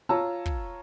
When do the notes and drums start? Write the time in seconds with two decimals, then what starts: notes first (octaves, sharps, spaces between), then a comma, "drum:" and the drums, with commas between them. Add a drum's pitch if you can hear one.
0.09 F4 C#5 A5 A#5 E6
0.46 drum: kick